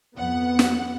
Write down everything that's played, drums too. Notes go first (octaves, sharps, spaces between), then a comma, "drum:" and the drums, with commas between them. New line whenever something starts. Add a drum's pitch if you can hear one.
F2 B3 F#5
drum: snare